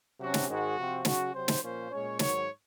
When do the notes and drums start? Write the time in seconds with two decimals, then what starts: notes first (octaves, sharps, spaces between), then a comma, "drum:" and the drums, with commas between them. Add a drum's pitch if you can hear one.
0.19 C3 F#3 C#4 F#4
0.34 drum: snare
0.48 G#2 D#3 G#3 F#4
0.77 C3 F3 C4
1.05 C#3 F#3 C#4 F#4, drum: snare
1.33 C3 F#3 C4 C5
1.48 drum: snare
1.62 A#2 F3 A#3 C#4 C5
1.90 A#2 G#3 C#4 C#5
2.19 G#2 D#3 F#3 C#5, drum: snare